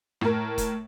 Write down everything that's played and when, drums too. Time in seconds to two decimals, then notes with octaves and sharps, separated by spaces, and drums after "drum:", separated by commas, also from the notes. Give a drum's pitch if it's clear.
0.21 A2 A#4, drum: rim click
0.58 drum: kick F1, hi-hat